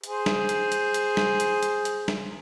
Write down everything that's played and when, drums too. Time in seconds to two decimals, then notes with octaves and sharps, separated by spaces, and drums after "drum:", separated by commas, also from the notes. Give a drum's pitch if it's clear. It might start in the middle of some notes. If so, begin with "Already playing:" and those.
0.04 G#4 C5, drum: hi-hat
0.26 drum: snare
0.49 drum: hi-hat
0.72 drum: hi-hat
0.94 drum: hi-hat
1.17 drum: snare
1.40 drum: hi-hat
1.63 drum: hi-hat
1.85 drum: hi-hat
2.08 drum: snare